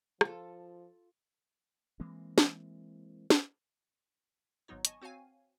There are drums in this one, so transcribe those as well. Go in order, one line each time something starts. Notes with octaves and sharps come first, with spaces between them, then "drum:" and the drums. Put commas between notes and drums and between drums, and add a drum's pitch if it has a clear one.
F3 F4 A4, drum: rim click
E3 G#3 A#3 C4
drum: snare
drum: snare
G#1 G#2 F#3 B3 D#4 C#5
D#5 G#5 A5 C#6, drum: hi-hat
C4 F#4 C#5 F5 G#5